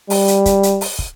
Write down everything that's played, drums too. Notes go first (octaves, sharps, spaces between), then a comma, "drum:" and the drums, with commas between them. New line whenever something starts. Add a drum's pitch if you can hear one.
G3, drum: open hi-hat
drum: hi-hat
drum: kick, hi-hat
drum: hi-hat
drum: open hi-hat
drum: kick